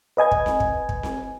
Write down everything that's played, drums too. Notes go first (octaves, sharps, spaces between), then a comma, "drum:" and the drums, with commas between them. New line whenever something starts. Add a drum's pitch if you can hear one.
B4 D#5 G#5 G#6
drum: kick
drum: snare C4
drum: kick
drum: kick
drum: snare C4